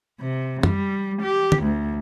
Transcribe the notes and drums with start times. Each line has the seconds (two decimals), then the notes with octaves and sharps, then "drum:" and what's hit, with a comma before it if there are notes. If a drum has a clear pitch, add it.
0.20 C3
0.63 G3, drum: tom
1.23 G4
1.52 drum: tom
1.63 D2